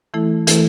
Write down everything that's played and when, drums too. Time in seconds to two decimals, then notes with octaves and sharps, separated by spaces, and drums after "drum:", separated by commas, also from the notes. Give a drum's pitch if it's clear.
0.14 E3 A3 E4 A4
0.47 E3 A3 E4 A4, drum: hi-hat